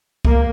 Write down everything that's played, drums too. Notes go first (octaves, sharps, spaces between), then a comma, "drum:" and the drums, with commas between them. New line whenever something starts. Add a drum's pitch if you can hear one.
A#3, drum: kick